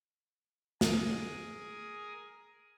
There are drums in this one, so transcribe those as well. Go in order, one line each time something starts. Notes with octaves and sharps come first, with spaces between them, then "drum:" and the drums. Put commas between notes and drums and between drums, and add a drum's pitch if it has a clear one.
G#4 A#4 G#5 D#6, drum: snare